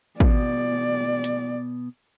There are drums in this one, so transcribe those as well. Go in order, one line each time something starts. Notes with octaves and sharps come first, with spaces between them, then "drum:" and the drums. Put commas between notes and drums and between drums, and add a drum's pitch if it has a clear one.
B2 D5, drum: kick
drum: hi-hat